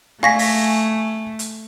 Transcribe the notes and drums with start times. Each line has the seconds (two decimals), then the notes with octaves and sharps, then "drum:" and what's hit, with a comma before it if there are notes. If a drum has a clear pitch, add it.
0.23 A3 F5 G#5 C#6 A#6 B6
0.39 drum: open hi-hat
1.39 drum: hi-hat